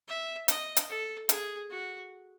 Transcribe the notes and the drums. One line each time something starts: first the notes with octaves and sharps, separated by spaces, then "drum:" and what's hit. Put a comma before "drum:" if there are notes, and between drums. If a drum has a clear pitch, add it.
E5
D#5, drum: hi-hat
drum: hi-hat
A4
G#4, drum: hi-hat
F#4